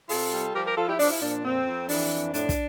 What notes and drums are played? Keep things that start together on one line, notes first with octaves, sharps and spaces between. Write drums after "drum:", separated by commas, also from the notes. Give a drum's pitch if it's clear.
C3 F4 A4, drum: open hi-hat
G3
F3 G4 A#4
G4 A#4
F3 F4 A4
E4 G4
F3 D4, drum: open hi-hat
E4
A#2 D4
F2 C4
F2
E3 D4, drum: open hi-hat
F2
A2 D4, drum: hi-hat
drum: kick, hi-hat